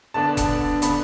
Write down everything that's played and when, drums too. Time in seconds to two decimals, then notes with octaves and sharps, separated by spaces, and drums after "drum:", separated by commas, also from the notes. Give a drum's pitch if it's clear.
0.14 D3 B3 D4 A5
0.37 drum: kick F1, hi-hat
0.82 D3 B3 D4 B5, drum: hi-hat